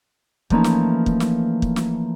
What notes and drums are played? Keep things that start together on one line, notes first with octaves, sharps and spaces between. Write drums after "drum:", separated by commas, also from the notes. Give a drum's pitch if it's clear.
E3 F3 A3 A#3 C#4 D#4, drum: kick
drum: snare
drum: kick
drum: snare
drum: kick
drum: snare